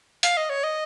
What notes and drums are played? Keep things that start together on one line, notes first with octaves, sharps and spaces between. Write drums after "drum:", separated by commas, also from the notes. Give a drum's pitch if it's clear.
F5, drum: hi-hat
D#5
C#5
D#5